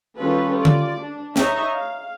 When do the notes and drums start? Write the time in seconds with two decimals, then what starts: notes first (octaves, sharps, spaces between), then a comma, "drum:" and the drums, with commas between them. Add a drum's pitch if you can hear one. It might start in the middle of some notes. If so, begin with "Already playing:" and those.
0.18 D#3 G3 C#4 F4 A4 B4
0.54 F4 D5
0.65 drum: tom D3
1.00 D4
1.36 D#4 C#5 D#5 E5 A#5, drum: snare
1.73 F5